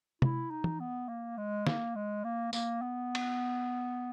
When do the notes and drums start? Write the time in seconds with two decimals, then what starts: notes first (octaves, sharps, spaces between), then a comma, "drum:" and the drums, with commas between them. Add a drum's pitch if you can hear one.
0.22 E4, drum: tom C3
0.51 D#4
0.64 drum: tom E3
0.80 B3
1.09 A#3
1.38 G#3
1.67 A#3, drum: snare
1.95 G#3
2.24 A#3
2.53 A#3, drum: tambourine
2.82 B3
3.15 drum: cymbal